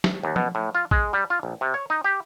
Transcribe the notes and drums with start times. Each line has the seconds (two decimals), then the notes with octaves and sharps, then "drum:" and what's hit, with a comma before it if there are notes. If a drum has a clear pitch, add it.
0.04 drum: snare
0.23 D#2
0.36 B2, drum: tom F3
0.55 A2
0.75 F4
0.91 G#3, drum: kick
1.13 G3
1.30 F4
1.43 A#1
1.61 C3
1.74 C#5
1.90 D#4
2.04 G4